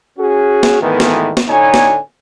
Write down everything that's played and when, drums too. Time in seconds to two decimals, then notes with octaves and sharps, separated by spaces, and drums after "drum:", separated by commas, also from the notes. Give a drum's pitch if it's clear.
0.19 C#4 F#4 G#4
0.63 drum: snare
0.82 D#2 G#2 D#3 E3 A3 B3
1.00 drum: snare
1.37 drum: snare
1.49 A2 D3 D#4 C#5 G#5
1.74 drum: snare